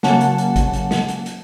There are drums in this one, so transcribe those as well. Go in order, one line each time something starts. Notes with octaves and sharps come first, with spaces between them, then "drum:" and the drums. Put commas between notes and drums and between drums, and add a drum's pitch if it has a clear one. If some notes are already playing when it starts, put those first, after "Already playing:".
C#3 F#3 A#3 C#4 F#5 A5, drum: snare
drum: hi-hat
drum: hi-hat
drum: kick G#1, hi-hat
drum: hi-hat
drum: snare
drum: hi-hat
drum: hi-hat